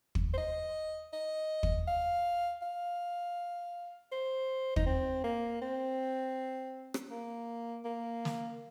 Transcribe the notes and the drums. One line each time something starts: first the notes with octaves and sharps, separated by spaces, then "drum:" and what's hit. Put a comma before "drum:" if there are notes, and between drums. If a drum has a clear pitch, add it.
drum: kick
C5
D#5
D#5
drum: kick
F5
F5
C5
D#4, drum: kick
C4
A#3
C4
drum: rim click
A#3
A#3
drum: snare